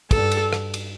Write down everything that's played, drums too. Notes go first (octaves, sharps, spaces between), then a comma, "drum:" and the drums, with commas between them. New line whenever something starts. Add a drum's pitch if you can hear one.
G2 A4, drum: kick, cymbal
drum: cymbal
drum: rim click
drum: cymbal